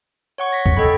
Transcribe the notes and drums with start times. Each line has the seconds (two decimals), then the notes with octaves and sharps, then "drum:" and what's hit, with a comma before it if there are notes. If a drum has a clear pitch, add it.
0.38 C#5 F#5 C#6
0.51 C#6 A#6 B6
0.66 drum: kick C2
0.77 A4 D#5 G5 B5 G#6